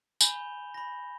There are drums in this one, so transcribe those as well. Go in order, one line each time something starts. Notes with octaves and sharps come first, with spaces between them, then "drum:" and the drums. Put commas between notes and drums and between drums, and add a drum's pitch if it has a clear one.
G#5 B5 G6 E7 F7 G7, drum: tambourine
B5 A#6